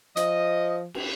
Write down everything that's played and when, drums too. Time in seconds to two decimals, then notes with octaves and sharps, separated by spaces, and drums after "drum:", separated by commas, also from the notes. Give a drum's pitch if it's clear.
0.17 F3 D#5, drum: hi-hat
0.94 drum: cymbal